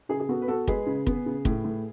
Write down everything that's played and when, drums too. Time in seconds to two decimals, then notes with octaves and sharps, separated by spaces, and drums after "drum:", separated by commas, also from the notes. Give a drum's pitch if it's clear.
0.09 C#3 G#4
0.20 G#4
0.29 B3 F#4 A4
0.42 B4
0.48 B3 F#4 A4
0.67 G#3 G#4 B4, drum: kick
0.86 C#3
1.07 B3, drum: kick
1.26 C#3
1.45 A2, drum: kick
1.65 A2